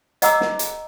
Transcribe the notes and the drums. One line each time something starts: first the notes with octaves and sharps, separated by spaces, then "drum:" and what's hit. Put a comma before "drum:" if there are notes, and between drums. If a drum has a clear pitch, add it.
D#5 F#5 A#5 D6 E6, drum: hi-hat
drum: snare
drum: hi-hat